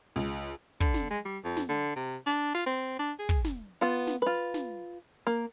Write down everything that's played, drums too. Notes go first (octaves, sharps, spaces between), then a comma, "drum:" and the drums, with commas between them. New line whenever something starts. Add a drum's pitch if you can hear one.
C#2
D3, drum: kick
drum: snare
G#3
G3
F2
drum: snare
D3
C3
D4
F4
C4
D4
G#4
drum: kick
drum: snare
B3 F4
drum: snare
F4 B4
drum: snare
A#3